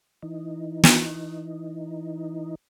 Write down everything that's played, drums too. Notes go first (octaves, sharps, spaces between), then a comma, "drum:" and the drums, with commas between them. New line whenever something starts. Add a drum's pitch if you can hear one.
E3 D#4
drum: snare